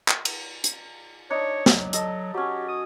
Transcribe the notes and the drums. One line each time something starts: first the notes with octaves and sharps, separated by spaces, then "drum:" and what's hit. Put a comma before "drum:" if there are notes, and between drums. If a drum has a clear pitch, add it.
drum: clap
drum: cymbal
drum: hi-hat
D4 D#4 C#5
F#3, drum: snare
A4 D#5, drum: hi-hat
F#3 C#4 G4
D#6